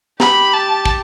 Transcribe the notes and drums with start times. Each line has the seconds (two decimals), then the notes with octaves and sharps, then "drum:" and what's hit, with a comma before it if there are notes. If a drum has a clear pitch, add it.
0.20 G4 B5, drum: snare
0.53 A5
0.85 drum: kick